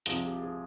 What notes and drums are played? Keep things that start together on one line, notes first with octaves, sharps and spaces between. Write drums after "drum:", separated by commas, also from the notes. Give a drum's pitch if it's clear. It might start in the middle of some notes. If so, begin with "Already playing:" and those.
C2 C3 F3 C4 G#4, drum: hi-hat
G4
G#4